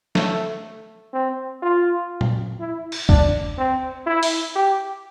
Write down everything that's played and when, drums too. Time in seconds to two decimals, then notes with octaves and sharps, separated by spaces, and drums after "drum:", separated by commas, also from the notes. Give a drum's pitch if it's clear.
0.15 A3, drum: snare
1.14 C4
1.62 F4
2.21 drum: tom A#2
2.60 E4
2.92 drum: cymbal
3.09 D4, drum: kick
3.58 C4
4.06 E4
4.23 drum: open hi-hat
4.56 G4